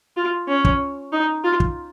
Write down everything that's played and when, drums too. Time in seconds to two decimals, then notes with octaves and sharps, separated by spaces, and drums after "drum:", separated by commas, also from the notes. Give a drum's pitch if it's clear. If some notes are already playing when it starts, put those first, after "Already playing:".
0.17 F4
0.48 C#4
0.65 drum: kick
1.13 D#4
1.44 F4
1.60 drum: kick